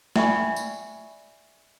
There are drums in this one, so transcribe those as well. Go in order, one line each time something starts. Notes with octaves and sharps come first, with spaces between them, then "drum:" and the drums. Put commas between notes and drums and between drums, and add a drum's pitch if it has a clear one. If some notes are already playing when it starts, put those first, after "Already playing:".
D5 E5 G5 G#5 B5 C#6, drum: snare
drum: tambourine